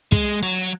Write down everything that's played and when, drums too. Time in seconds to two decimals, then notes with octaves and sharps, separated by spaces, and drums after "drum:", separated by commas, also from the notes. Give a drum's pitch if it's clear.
0.12 G#3, drum: kick
0.43 F#3